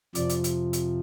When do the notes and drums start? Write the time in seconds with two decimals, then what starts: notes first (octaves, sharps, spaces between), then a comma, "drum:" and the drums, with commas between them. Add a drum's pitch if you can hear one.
0.15 F2 C3 F3 D5, drum: hi-hat
0.29 drum: hi-hat
0.44 drum: hi-hat
0.73 drum: hi-hat